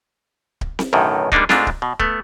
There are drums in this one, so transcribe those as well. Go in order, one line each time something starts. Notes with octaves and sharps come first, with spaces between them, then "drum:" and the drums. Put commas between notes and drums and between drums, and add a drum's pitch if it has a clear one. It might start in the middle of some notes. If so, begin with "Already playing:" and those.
drum: kick D1
drum: snare C4
B1 F#2 A2 D3 D#3
G3 G#3 A#3 D4 D#4, drum: kick D1
G#2 G#3 A3 D4 F4, drum: snare C4
drum: kick D1
B2
A3 B3, drum: kick D1